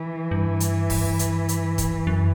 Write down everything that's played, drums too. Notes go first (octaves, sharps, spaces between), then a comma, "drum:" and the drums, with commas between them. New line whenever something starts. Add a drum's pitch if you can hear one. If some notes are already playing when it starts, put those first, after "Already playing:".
Already playing: E3
G2
drum: hi-hat
drum: kick, open hi-hat
drum: hi-hat
drum: hi-hat
drum: kick, hi-hat
F#2